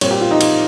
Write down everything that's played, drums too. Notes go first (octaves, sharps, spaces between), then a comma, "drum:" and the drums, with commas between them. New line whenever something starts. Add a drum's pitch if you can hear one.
A#2 G3 C4 C#5, drum: cymbal
G4
F4
D#4
F4, drum: cymbal